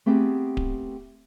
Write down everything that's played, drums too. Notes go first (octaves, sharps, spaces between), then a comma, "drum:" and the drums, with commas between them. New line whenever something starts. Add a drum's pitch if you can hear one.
A3 B3 C4 G4 G#4
drum: kick D1